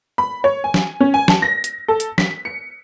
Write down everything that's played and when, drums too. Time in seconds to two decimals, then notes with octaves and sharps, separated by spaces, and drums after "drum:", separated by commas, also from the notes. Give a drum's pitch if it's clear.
0.18 B5
0.44 C#5
0.64 G#5
0.74 drum: snare
1.00 C#4
1.14 G#5
1.28 A5, drum: snare
1.42 A#6
1.64 drum: hi-hat
1.88 A4
2.00 drum: hi-hat
2.18 B6, drum: snare
2.45 C#7